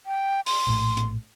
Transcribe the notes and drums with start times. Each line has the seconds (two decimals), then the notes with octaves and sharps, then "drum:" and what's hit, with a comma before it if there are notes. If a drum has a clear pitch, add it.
0.06 G5
0.46 C6, drum: open hi-hat
0.67 A#1 A2
0.97 drum: hi-hat